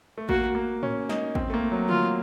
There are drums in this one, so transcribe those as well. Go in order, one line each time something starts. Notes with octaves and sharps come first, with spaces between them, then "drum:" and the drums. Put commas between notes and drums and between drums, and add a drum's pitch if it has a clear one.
A3
A#3 F#4, drum: kick A1
A#3
C#4, drum: tom A2
D#4, drum: snare
C4, drum: kick A1
A3
A#3
F#3
F4, drum: tom D3